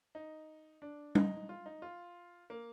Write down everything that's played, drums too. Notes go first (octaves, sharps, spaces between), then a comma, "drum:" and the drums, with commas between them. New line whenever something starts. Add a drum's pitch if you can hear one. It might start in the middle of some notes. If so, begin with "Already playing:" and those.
D#4
D4
D#4, drum: tom G3
F4
D#4
F4
A#3